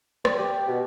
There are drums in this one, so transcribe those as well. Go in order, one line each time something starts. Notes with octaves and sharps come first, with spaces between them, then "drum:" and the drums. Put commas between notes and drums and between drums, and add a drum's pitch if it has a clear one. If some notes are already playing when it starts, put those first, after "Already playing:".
G3, drum: rim click
G4
B2